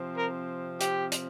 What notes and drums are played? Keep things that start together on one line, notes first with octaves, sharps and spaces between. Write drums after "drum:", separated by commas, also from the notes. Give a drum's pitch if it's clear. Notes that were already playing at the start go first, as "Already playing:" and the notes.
Already playing: C3 F3 C4
A#4
G4, drum: hi-hat
drum: hi-hat